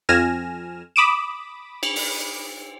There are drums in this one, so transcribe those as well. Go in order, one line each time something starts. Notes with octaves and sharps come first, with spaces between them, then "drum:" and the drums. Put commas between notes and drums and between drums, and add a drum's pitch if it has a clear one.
F2 G#5 F6 A#6 E7
B5 D6 D#6 D7 E7
drum: cymbal
drum: open hi-hat